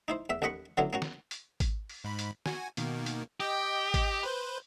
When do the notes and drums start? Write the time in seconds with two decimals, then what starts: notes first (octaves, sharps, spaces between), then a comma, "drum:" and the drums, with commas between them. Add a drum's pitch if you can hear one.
0.08 D#4 E4 C5
0.30 E2 E5
0.42 A1 D#2 D#5 F#5 B5 C#6
0.77 D3 F#3 B3 C#4 E4
0.93 A#3 C#4 F#4
1.02 drum: snare
1.31 drum: hi-hat
1.60 drum: kick G#1, hi-hat
1.89 drum: open hi-hat
2.04 G#2 B5
2.19 drum: hi-hat
2.46 F#4 G#5, drum: snare
2.77 B2 D#3 A#3, drum: hi-hat
3.06 drum: hi-hat
3.40 G4 D#5 G5
3.94 drum: kick G#1, hi-hat
4.23 B4 C5 G6, drum: open hi-hat